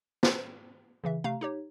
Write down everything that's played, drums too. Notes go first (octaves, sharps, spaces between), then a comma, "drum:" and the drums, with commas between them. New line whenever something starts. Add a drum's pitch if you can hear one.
C5, drum: snare
C#3 E3 E5
C3 A3 F5 A#5
D#4 G4 C#5